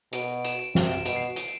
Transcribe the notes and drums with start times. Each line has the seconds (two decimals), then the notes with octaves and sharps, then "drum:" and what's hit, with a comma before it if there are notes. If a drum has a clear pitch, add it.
0.13 B2 D7, drum: hi-hat
0.44 E7, drum: hi-hat
0.59 D7
0.75 C3, drum: snare
1.06 B2 D7, drum: hi-hat
1.16 C7
1.36 drum: hi-hat